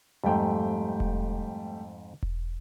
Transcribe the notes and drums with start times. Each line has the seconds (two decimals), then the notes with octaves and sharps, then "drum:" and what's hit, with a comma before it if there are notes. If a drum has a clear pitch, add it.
0.24 F2 G#2 G3 A3 G5
1.00 drum: kick E1
2.23 drum: kick E1